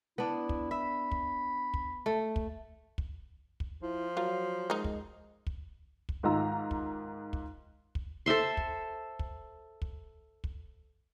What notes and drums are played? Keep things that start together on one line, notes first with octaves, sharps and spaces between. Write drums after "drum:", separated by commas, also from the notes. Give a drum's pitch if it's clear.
B3 D4 E4
drum: kick
E5 B5
drum: kick
drum: kick
A3
drum: kick
drum: kick
drum: kick
F3 E4
F#3 F4 A#4
G#3 D#4 A#4
drum: kick
drum: kick
drum: kick
G#2 D#3 F4 F5 A#5 E6
drum: kick
drum: kick
drum: kick
A4 C5 E5 C6
drum: kick
drum: kick
drum: kick
drum: kick